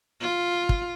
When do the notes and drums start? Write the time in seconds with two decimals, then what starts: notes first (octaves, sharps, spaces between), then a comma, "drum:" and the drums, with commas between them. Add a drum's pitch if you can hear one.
0.21 F4
0.69 drum: kick